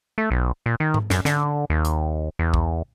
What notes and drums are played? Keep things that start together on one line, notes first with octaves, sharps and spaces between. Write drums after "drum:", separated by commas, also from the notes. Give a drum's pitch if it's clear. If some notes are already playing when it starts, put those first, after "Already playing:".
A3
B1
A#2
D#3
drum: tom G#2
F#2, drum: snare
D3, drum: snare
D#2
drum: hi-hat
E2
drum: kick B1